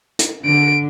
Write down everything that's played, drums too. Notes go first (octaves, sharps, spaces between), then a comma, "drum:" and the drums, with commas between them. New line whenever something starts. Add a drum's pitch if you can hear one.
drum: hi-hat
D3 D7